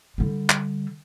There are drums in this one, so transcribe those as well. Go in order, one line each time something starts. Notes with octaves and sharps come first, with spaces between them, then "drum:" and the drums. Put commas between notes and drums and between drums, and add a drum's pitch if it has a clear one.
D3 G3
drum: clap